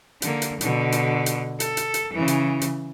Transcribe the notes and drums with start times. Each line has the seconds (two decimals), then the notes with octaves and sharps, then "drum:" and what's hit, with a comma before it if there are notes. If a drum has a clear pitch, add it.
0.22 D3 A#3, drum: hi-hat
0.42 drum: hi-hat
0.61 B2 D3, drum: hi-hat
0.92 drum: hi-hat
1.26 drum: hi-hat
1.60 A4, drum: hi-hat
1.77 drum: hi-hat
1.94 drum: hi-hat
2.14 C#3 E3
2.28 drum: hi-hat
2.61 drum: hi-hat